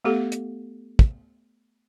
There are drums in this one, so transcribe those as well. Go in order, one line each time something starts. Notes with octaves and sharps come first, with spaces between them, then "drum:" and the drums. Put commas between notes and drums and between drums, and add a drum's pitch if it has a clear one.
A3 B3 G4 A4
drum: hi-hat
drum: kick